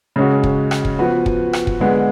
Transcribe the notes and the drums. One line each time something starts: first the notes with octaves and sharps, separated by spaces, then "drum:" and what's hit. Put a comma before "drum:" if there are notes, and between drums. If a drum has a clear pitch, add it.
C#3 G#3 C#4 F#4
drum: kick
drum: rim click
drum: kick
F3 B3 F#4 B4
drum: kick
drum: rim click
drum: kick
D3 G#3 B3